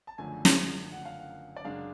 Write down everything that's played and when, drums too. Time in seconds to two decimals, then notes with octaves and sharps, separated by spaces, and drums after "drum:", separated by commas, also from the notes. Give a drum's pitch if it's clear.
0.07 A5
0.18 F#1 F#2 D3 F3 A3 G#5
0.45 drum: snare
0.92 F#5
1.05 F5
1.19 F#5
1.56 D5
1.64 F#2 C#3 G#3 D4 F5